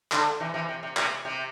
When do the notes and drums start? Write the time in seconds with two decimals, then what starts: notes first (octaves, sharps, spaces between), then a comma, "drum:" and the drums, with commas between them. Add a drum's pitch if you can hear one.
0.12 D3, drum: clap
0.40 C3 E3
0.54 C3 E3
0.69 C3
0.83 C3
0.97 C3, drum: clap
1.25 C3